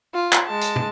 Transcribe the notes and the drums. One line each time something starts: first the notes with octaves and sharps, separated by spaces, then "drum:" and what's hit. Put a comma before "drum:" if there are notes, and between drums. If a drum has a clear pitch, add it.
F4
drum: clap
G#3 A5
drum: hi-hat
drum: tom